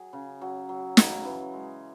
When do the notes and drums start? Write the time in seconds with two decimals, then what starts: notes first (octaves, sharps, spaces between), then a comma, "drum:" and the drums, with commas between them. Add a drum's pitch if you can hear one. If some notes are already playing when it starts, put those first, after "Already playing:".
Already playing: F#3 G#4
0.13 C#3
0.42 F#3
0.69 F#3
0.97 C#3, drum: snare
1.25 E3
1.53 G#3